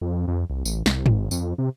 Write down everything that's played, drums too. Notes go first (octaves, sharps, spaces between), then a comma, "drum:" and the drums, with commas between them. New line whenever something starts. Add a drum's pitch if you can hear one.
F2
F2
C2
A1, drum: tambourine
C2, drum: snare
G#1, drum: tom
F2, drum: tambourine
C3